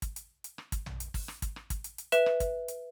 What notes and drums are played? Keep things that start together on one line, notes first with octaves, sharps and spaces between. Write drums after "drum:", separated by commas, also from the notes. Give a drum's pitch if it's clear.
drum: kick, hi-hat
drum: hi-hat
drum: hi-hat
drum: rim click
drum: kick, hi-hat
drum: tom
drum: hi-hat
drum: kick, open hi-hat
drum: rim click
drum: kick, hi-hat
drum: rim click
drum: kick, hi-hat
drum: hi-hat
drum: hi-hat
B4 E5 E7, drum: hi-hat
drum: rim click
drum: kick, hi-hat
drum: hi-hat